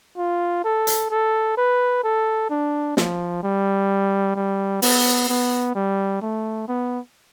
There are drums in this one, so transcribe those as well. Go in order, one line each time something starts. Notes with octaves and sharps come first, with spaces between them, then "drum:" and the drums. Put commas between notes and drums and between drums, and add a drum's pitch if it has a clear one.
F4
A4
drum: hi-hat
A4
B4
A4
D4
F3, drum: snare
G3
G3
B3, drum: open hi-hat
B3
G3
A3
B3